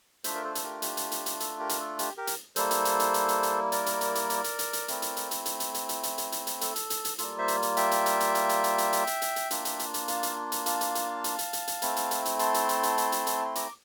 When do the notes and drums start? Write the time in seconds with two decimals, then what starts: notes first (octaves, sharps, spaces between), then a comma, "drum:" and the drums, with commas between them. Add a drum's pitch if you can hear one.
0.24 A3 D4 F4 C5 E5, drum: hi-hat
0.35 A#4
0.44 A4 C5
0.55 A4, drum: hi-hat
0.63 G4 A#4
0.82 G4, drum: hi-hat
0.97 drum: hi-hat
1.12 drum: hi-hat
1.26 drum: hi-hat
1.40 A4, drum: hi-hat
1.59 G4 A#4
1.69 drum: hi-hat
1.80 A4
1.99 G4, drum: hi-hat
2.17 G4 A#4
2.27 drum: hi-hat
2.56 G3 A#3 E4 A4 C5, drum: hi-hat
2.71 drum: hi-hat
2.85 drum: hi-hat
3.00 drum: hi-hat
3.14 drum: hi-hat
3.29 drum: hi-hat
3.43 drum: hi-hat
3.72 A#4 D5, drum: hi-hat
3.86 drum: hi-hat
4.01 drum: hi-hat
4.15 drum: hi-hat
4.30 drum: hi-hat
4.44 drum: hi-hat
4.59 drum: hi-hat
4.73 drum: hi-hat
4.88 A3 C4 E4, drum: hi-hat
5.02 drum: hi-hat
5.17 drum: hi-hat
5.31 drum: hi-hat
5.46 drum: hi-hat
5.60 drum: hi-hat
5.74 drum: hi-hat
5.89 drum: hi-hat
6.03 drum: hi-hat
6.18 drum: hi-hat
6.32 drum: hi-hat
6.47 drum: hi-hat
6.61 A4, drum: hi-hat
6.76 drum: hi-hat
6.90 drum: hi-hat
7.05 drum: hi-hat
7.19 G3 A#3 F4 A4, drum: hi-hat
7.39 C5 E5
7.48 drum: hi-hat
7.63 drum: hi-hat
7.77 E5 G5, drum: hi-hat
7.91 drum: hi-hat
8.06 drum: hi-hat
8.20 drum: hi-hat
8.35 drum: hi-hat
8.49 drum: hi-hat
8.64 drum: hi-hat
8.78 drum: hi-hat
8.93 drum: hi-hat
9.07 drum: hi-hat
9.22 drum: hi-hat
9.36 drum: hi-hat
9.51 A#3 D4 F4, drum: hi-hat
9.65 drum: hi-hat
9.79 drum: hi-hat
9.94 drum: hi-hat
10.08 F5 A5, drum: hi-hat
10.23 drum: hi-hat
10.52 drum: hi-hat
10.66 F5 A5, drum: hi-hat
10.81 drum: hi-hat
10.95 drum: hi-hat
11.24 drum: hi-hat
11.39 drum: hi-hat
11.53 drum: hi-hat
11.68 drum: hi-hat
11.82 A3 C4 E4, drum: hi-hat
11.96 drum: hi-hat
12.11 drum: hi-hat
12.25 drum: hi-hat
12.39 A5 C6, drum: hi-hat
12.54 drum: hi-hat
12.69 drum: hi-hat
12.83 drum: hi-hat
12.98 drum: hi-hat
13.12 drum: hi-hat
13.27 drum: hi-hat
13.45 C6
13.55 A#5 D6, drum: hi-hat